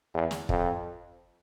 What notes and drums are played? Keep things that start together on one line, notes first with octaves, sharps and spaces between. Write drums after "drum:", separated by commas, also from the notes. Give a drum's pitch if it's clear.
E2
drum: snare
F2, drum: kick